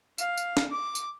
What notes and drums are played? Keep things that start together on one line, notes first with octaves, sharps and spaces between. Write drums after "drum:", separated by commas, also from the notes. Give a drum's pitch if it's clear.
F5, drum: tambourine
drum: tambourine
drum: snare
D6
drum: tambourine